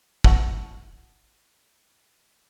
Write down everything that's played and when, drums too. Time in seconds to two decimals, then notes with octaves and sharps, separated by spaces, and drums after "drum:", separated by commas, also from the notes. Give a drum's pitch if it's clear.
0.24 E4 F#4 A4, drum: kick